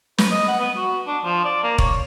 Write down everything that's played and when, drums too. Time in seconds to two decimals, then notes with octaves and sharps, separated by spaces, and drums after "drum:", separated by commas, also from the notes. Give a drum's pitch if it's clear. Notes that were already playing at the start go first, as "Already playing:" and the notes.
0.18 B4, drum: snare
0.31 D#5
0.48 F#5
0.60 B3
0.77 F#4
1.07 D4
1.24 F3
1.45 D5
1.63 A#3
1.78 C#5, drum: kick E1